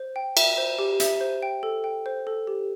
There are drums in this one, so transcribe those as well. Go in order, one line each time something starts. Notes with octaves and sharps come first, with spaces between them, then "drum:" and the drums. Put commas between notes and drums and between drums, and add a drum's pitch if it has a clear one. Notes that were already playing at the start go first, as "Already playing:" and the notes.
Already playing: C5
G5
E5, drum: cymbal
C5
G4
E5, drum: hi-hat
C5
G5
A4
G5
C5
A4
G4